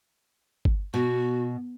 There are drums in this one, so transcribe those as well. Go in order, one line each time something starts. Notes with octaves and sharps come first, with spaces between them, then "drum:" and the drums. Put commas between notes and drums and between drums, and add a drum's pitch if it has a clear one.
drum: kick G1
B2 F#4